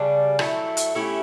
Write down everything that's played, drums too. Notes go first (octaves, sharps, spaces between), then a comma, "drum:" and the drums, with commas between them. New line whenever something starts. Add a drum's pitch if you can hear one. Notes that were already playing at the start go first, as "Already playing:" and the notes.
Already playing: C#3 G3 D4
F#3 A3 E4, drum: rim click
drum: hi-hat
A3 C#4 E4 G4